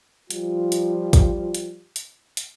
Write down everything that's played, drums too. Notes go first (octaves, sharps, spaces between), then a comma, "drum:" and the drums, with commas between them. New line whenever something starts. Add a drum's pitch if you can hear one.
F3 G3 F4, drum: hi-hat
drum: hi-hat
drum: kick, hi-hat
drum: hi-hat
drum: hi-hat
drum: hi-hat